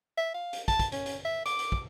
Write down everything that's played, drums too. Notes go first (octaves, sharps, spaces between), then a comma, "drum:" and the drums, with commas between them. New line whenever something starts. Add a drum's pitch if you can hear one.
E5
F5
drum: hi-hat
A5, drum: kick, hi-hat
drum: kick, hi-hat
C#4, drum: hi-hat
drum: hi-hat
E5
D6, drum: hi-hat
drum: hi-hat
drum: kick